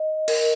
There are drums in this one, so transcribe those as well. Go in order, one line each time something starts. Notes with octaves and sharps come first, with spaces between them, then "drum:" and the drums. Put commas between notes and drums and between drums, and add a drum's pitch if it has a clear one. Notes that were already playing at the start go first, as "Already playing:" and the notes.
Already playing: D#5
A#4, drum: cymbal